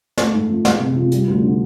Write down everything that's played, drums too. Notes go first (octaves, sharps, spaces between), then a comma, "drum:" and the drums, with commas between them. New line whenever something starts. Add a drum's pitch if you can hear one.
A3, drum: snare
G#2
F3
G#3, drum: snare
C3
F3
G3, drum: hi-hat
D2
D3